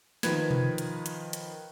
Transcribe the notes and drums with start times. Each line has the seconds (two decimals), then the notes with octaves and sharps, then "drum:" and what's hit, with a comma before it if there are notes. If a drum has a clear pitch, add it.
0.23 D#3 F3 B4 G#6, drum: snare
0.51 drum: tom B2
0.78 drum: hi-hat
1.06 drum: hi-hat
1.33 drum: hi-hat